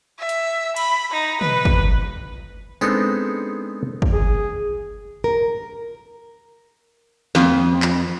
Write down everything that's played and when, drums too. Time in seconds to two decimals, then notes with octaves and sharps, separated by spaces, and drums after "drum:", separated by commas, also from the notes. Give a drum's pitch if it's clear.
0.19 E5
0.29 drum: hi-hat
0.76 B5, drum: cymbal
1.12 D#4
1.41 B4, drum: tom
1.65 drum: kick
2.81 G#3 B3 C4 D4 D#4 A4, drum: tambourine
4.02 drum: kick
4.13 G#4
5.24 A#4
7.35 F2, drum: snare
7.82 drum: clap